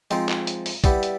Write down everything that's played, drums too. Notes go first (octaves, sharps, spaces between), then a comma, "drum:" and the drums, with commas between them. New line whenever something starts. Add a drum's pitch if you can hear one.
F3 G#3 C4 D#4, drum: hi-hat
drum: clap
drum: hi-hat
drum: open hi-hat
G3 B3 E4 G4, drum: kick, hi-hat
drum: hi-hat